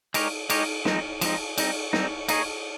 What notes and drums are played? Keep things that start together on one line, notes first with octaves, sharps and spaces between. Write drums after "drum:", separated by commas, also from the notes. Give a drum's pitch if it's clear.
G#3 D#4 G4 A#4 C#5, drum: cymbal
G#3 D#4 G4 A#4 C#5, drum: cymbal
F3 G#3 C4 D#4, drum: snare
F3 G#3 C4 D#4, drum: cymbal
G3 C4 D#4, drum: cymbal
G3 C4 D#4, drum: snare
A#3 D#4 G#4 C#5, drum: cymbal